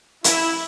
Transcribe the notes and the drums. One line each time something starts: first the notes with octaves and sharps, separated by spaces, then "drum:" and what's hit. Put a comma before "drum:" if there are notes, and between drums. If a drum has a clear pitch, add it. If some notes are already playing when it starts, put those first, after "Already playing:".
E4, drum: hi-hat